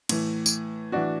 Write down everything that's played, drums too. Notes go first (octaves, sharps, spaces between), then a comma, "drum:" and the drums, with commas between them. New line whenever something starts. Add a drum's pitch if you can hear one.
A2 E3, drum: cymbal
drum: tambourine
A2 E3 D4 F#4